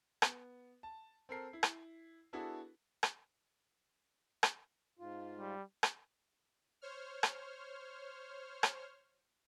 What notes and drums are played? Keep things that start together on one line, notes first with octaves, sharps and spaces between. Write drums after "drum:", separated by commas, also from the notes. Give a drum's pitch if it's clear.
B3, drum: rim click
A5
C4 A4 A#4 C7
E4
drum: rim click
B3 D4 E4 F#4 G#4 A4
drum: rim click
drum: rim click
G#2 F4
G3
drum: rim click
C5 C#5 F6
drum: rim click
drum: rim click